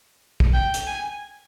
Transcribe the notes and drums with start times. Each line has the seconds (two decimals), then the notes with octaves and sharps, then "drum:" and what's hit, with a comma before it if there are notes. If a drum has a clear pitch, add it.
0.40 drum: kick
0.54 G5
0.74 drum: hi-hat
0.87 G#5